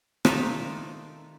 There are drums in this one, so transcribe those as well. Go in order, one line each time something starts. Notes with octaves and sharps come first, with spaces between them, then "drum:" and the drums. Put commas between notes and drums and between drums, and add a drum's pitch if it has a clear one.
D#3 D#4 F4 A4 D5 E5, drum: rim click